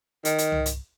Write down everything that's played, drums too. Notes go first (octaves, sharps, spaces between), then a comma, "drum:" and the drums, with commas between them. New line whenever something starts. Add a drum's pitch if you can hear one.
D#3, drum: hi-hat
drum: hi-hat
drum: tom C2
drum: hi-hat